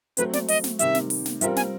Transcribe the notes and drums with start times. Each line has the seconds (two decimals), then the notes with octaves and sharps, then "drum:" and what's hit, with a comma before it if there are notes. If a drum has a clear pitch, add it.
0.17 F#3 A3 C4 B4, drum: hi-hat
0.33 D5, drum: snare
0.48 D#5, drum: open hi-hat
0.64 drum: snare
0.79 C3 D#3 G3 E5, drum: hi-hat
0.95 drum: snare
1.10 drum: open hi-hat
1.25 drum: snare
1.41 G3 C4 F4 A#4 E5, drum: hi-hat
1.56 G#5, drum: snare